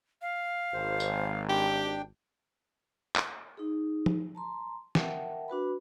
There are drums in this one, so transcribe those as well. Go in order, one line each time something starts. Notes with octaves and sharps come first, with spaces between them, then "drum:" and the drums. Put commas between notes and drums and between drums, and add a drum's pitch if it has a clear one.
F5
G#1 C5
drum: tambourine
D4 G4 G5
drum: clap
D#4 G#4
drum: tom
A5 A#5 C6
A#4 E5 F#5 G5 A5, drum: snare
D4 F#4 B4 B5